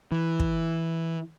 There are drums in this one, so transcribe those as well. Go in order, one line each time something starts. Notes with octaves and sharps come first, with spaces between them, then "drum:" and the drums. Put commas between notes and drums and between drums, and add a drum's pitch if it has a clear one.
E3
drum: kick